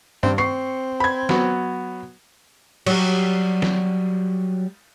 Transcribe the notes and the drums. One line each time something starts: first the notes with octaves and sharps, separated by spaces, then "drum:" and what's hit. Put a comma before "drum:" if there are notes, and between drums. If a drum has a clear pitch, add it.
G2 C4, drum: tom G2
C4 C#6 C7
B5 G#6
F#3 B3 F#4, drum: snare
F#3 G3, drum: cymbal
drum: snare